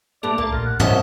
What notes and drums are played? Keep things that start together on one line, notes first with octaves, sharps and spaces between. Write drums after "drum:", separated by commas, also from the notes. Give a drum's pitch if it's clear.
G2 A3 A#3 D5
C#2 A#3 A4
B1 A#2 F4
F#5
C2 G#2 F3 C4 C#4 D#5 F#5, drum: tom